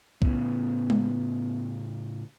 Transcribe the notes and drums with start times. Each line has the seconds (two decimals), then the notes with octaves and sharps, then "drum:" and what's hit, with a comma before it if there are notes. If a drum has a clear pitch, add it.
0.22 A2 C#3 B3, drum: kick
0.90 drum: tom G#3